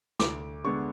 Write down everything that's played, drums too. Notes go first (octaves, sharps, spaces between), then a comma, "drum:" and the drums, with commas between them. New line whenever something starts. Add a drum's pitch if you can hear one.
D2 D6, drum: snare
D3 G#3 B3 C#6